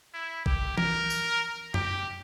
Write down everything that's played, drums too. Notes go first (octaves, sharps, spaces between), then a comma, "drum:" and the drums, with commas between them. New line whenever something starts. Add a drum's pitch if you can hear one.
E4
G4, drum: kick
A#4, drum: tom E3
drum: tambourine
G4, drum: tom F#2